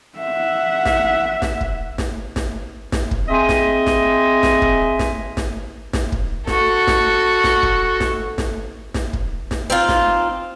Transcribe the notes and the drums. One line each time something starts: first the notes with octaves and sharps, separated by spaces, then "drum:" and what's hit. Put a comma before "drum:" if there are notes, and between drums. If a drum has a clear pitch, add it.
E5 F#5
drum: snare
drum: snare
drum: kick
drum: snare
drum: snare
drum: snare
drum: kick
C4 G#4 D#5 E5 G#5
drum: snare
drum: snare
drum: snare
drum: kick
drum: snare
drum: snare
drum: snare
drum: kick
F#4 A4, drum: snare
drum: snare
drum: snare
drum: kick
drum: snare
drum: snare
drum: snare
drum: kick
drum: snare
C4 D#4 F4
drum: snare